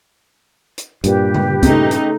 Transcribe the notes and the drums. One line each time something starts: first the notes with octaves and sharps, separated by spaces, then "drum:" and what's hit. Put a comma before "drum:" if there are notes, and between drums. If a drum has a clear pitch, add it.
drum: hi-hat
G2 A#2 G4 B4, drum: hi-hat
drum: tom C#3
C#3 A3 D#4, drum: kick, hi-hat
drum: hi-hat